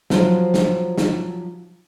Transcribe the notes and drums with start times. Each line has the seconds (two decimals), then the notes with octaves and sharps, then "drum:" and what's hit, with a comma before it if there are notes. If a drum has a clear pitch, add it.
0.10 F3 F#3 F4 C5, drum: snare
0.54 drum: snare
0.98 drum: snare